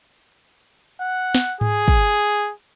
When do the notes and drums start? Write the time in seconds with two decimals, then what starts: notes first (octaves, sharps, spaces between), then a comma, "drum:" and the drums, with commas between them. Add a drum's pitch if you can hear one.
1.01 F#5
1.35 drum: snare
1.61 G#4, drum: tom G#2
1.88 drum: kick